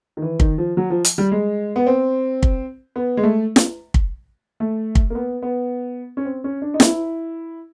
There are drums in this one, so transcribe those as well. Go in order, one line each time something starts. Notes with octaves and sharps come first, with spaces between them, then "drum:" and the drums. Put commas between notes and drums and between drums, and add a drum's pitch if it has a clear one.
D#3
E3
D#3, drum: kick
F3
F#3
F3
drum: hi-hat
G3
G#3
B3
C4
drum: kick
B3
G#3
A3
drum: snare
drum: kick
A3
drum: kick
A#3
B3
B3
C#4
C4
C#4
D4
D#4
E4, drum: snare